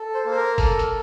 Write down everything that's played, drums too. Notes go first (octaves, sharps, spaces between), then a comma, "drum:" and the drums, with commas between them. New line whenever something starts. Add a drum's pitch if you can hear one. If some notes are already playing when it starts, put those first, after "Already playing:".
Already playing: A4
C5
A#3
C5
A#4
A4, drum: kick G1, open hi-hat
drum: hi-hat